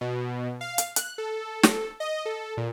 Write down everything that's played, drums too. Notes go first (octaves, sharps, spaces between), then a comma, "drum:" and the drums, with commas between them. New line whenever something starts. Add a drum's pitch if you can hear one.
B2
F5
drum: hi-hat
F#6, drum: hi-hat
A4
drum: snare
D#5
A4
A#2